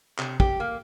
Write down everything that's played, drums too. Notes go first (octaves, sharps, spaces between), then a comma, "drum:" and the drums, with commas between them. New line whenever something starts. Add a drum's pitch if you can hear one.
C3, drum: clap
G4, drum: kick
A#3